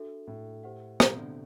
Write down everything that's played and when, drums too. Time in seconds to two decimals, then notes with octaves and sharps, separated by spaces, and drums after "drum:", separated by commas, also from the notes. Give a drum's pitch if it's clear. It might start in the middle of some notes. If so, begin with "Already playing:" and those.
Already playing: D4 F#4 A4 E5
0.27 A2
0.63 G4 C5 F#5
1.00 B2, drum: rim click
1.09 C3
1.18 D3